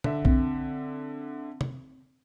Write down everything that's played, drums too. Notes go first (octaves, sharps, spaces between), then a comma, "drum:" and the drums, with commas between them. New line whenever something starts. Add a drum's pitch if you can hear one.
D3 E5, drum: tom
C4, drum: kick A#1
drum: tom